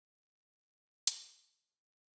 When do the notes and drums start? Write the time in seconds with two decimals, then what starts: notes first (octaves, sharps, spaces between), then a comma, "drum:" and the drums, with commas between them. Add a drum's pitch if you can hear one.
0.18 E3
0.48 E3
0.77 D3
1.07 C#3, drum: hi-hat
1.37 A2
1.67 A2